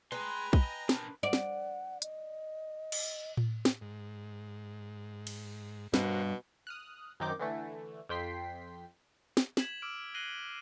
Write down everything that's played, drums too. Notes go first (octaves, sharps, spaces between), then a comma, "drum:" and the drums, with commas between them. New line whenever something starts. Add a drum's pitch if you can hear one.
G#4 B4 G5 G#5 A#5 C6
D#5, drum: kick
D4 A#4, drum: snare
D5 F#5
drum: snare
D#5, drum: hi-hat
drum: cymbal
drum: tom A2
drum: snare
G#2
drum: cymbal
B2 G3 D4 F#4 A#4 C5, drum: snare
D#6 F6 F#6
F#2 D#3 C4 D#4 D6 G6
D3 E3 A3
F2 G5 C6 B6 C7
drum: snare
G#6 B6 E7 F#7, drum: snare
D6 E6 F6 D7
F#6 A#6 C7 D#7 F#7 G7